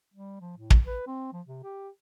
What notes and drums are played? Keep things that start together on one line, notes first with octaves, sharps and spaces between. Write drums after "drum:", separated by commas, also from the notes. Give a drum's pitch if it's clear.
G3
F3
A2
drum: kick
B4
C4
F3
C3
G4